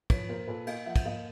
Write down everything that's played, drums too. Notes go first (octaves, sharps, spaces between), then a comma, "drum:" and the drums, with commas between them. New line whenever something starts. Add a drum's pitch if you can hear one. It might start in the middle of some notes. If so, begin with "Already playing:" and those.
F3 B4 C#5, drum: kick, cymbal
A#2 A#4 C5
A#2 A4 B4
A#3 D#5 F5, drum: cymbal
F3 E5 F#5
drum: kick, cymbal
A#3 D#5 F5